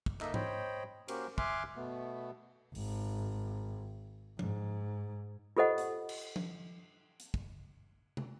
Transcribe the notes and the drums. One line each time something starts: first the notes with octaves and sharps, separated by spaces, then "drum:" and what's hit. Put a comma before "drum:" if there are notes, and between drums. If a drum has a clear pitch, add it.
drum: kick
A#3 D#4 A4 D#5 E5, drum: clap
C5 C#5 D#5 G5 B5, drum: tom G#2
A#3 C#4 F#4 G4 A#4 C5, drum: cymbal
E5 G#5 C6 D6 F6 F#6, drum: kick
B2 A3 B3
G#1, drum: open hi-hat
G#2, drum: tom F3
F4 G4 A4 C5 D#5 F#5
drum: hi-hat
drum: cymbal
drum: tom F3
drum: hi-hat
drum: kick
drum: tom